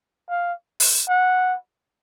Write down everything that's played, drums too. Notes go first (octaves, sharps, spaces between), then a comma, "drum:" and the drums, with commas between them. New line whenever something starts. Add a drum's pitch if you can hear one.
F5
drum: open hi-hat
F#5